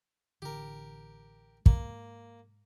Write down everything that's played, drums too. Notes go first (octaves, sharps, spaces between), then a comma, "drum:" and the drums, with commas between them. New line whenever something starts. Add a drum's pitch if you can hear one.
A1 D3 E3 G4 A#4
G#2 A#3, drum: kick